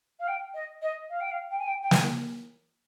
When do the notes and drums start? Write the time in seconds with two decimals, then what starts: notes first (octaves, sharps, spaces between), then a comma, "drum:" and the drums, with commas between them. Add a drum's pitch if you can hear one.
0.19 F5
0.27 G5
0.54 D#5
0.81 D#5
1.09 F5
1.20 G5
1.30 F5
1.50 G5
1.58 G#5
1.67 G5
1.82 G5
1.91 G#5, drum: snare